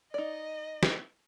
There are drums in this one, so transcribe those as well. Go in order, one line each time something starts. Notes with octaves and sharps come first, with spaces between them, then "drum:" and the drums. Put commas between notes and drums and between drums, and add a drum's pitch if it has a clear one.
D#4 D5 D#5
drum: snare